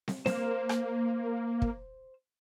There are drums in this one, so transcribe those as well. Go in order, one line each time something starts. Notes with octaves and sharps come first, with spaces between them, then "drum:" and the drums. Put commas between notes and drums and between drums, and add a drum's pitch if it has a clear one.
drum: snare
A#3 C5 F6, drum: snare
drum: rim click
drum: kick